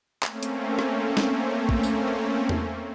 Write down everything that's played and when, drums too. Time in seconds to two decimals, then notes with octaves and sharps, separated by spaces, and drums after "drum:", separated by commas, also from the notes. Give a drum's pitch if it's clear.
0.23 A3 A#3 C4 C#4, drum: clap
0.43 drum: hi-hat
0.79 drum: rim click
1.17 drum: snare
1.69 drum: kick
1.83 drum: tambourine
2.49 drum: tom E2